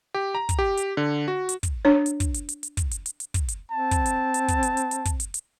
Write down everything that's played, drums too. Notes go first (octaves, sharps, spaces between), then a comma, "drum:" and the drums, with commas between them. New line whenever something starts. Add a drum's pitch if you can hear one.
G4
A#5
drum: kick, hi-hat
G4
drum: hi-hat
D3
F#4
drum: hi-hat
drum: kick, hi-hat
D4 C#5
drum: hi-hat
drum: kick, hi-hat
drum: hi-hat
drum: hi-hat
drum: hi-hat
drum: kick, hi-hat
drum: hi-hat
drum: hi-hat
drum: hi-hat
drum: kick, hi-hat
drum: hi-hat
C4 A5
drum: kick, hi-hat
drum: hi-hat
drum: hi-hat
drum: kick, hi-hat
drum: hi-hat
drum: hi-hat
drum: hi-hat
drum: kick, hi-hat
drum: hi-hat
drum: hi-hat